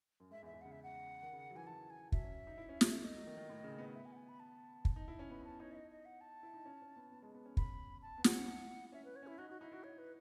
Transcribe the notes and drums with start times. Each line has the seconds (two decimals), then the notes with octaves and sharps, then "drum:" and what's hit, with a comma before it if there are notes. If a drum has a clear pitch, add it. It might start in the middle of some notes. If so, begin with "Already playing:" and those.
0.20 F#2
0.31 G#2 E5
0.42 E2
0.46 E5
0.53 E2
0.62 C#3 F#5
0.72 E5
0.83 F#5
1.23 D#3
1.33 C#3
1.50 F#3
1.56 E3 G#5
1.67 E3 A5
1.90 G#5
2.12 F#3 E5, drum: kick
2.24 C#4
2.47 D#4
2.58 E4
2.69 C#4
2.81 drum: snare
2.92 A3
3.03 A3 D#5
3.15 F#3
3.27 D#3
3.37 D#3
3.49 A2
3.64 C#3
3.78 B3
3.94 E5
4.06 G#5
4.12 F#5
4.16 G#5
4.29 B5
4.40 A5
4.85 drum: kick
4.96 D#4
5.08 E4
5.19 C#4
5.30 B3 B5
5.45 C#4 A5
5.60 D#4 C#5
5.72 E5
5.75 D#5
5.91 D#5
6.05 F#5
6.21 A5
6.43 E4
6.54 D#4
6.66 C#4
6.82 C#4
6.96 B3
7.12 B3
7.22 G#3
7.34 B3
7.45 C#4
7.57 B5, drum: kick
8.02 A5
8.18 B3
8.24 F#5, drum: snare
8.32 C#4
8.47 E4
8.92 C#4 E5
9.05 B4
9.16 C#5
9.23 C#4 E4
9.38 D#4 F#4
9.50 D#4 F#4
9.61 D#4 E4
9.72 E4 F#4
9.84 C#5
9.98 B4